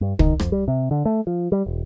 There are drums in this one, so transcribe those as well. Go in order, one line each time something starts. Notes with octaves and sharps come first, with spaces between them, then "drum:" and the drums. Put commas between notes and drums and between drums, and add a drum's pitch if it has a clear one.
G2
D#3, drum: kick
F2, drum: rim click
G3
C3
D3
A3
F3
G3
E1